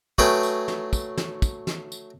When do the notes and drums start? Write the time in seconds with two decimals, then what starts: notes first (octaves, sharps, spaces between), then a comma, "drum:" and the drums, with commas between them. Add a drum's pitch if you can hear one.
0.18 F#3 A3 G#4 B4 G5, drum: kick
0.43 drum: tambourine
0.68 drum: snare
0.93 drum: kick, tambourine
1.17 drum: snare
1.42 drum: kick, tambourine
1.67 drum: snare
1.92 drum: tambourine